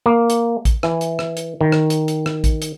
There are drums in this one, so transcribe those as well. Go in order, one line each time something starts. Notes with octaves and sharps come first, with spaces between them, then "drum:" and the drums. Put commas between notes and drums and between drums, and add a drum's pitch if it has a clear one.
A#3
drum: hi-hat
drum: kick, hi-hat
E3, drum: rim click
drum: hi-hat
drum: rim click
drum: hi-hat
D#3
drum: rim click
drum: hi-hat
drum: hi-hat
drum: rim click
drum: kick, hi-hat
drum: hi-hat